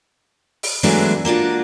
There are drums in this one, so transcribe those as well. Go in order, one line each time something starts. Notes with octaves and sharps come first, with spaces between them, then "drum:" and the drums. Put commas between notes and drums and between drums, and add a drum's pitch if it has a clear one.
drum: open hi-hat
E3 F#3 G#3 A3 B3 D4, drum: open hi-hat
A#3 D4 F4 F#4